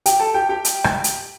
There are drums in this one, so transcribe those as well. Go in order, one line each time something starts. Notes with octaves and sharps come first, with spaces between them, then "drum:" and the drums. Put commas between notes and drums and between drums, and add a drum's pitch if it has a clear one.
G4 G5, drum: hi-hat
A4 A5
G4 G5
G4 G5
drum: hi-hat
drum: rim click
drum: hi-hat